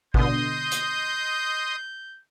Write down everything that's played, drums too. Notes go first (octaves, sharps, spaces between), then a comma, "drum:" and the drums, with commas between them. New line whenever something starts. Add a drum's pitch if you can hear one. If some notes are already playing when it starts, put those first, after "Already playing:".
B2 D3 D#5 C6 D#6 G6, drum: kick G#1
drum: hi-hat